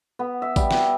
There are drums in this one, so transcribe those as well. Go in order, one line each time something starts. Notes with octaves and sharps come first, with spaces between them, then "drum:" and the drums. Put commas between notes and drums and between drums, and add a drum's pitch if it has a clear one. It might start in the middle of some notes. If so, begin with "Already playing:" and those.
B3
E5
G3, drum: kick A1, tambourine
drum: snare